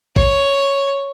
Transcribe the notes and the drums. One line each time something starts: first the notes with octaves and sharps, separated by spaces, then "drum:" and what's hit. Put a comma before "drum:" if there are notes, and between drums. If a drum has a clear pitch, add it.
C#5, drum: kick